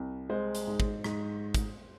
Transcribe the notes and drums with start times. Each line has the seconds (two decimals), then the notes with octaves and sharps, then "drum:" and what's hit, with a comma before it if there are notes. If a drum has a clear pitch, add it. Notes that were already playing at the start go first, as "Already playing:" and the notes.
Already playing: C2
0.30 G#3 C5
0.55 drum: hi-hat
0.67 G#2
0.80 drum: kick
1.04 G#2, drum: rim click
1.54 drum: kick, hi-hat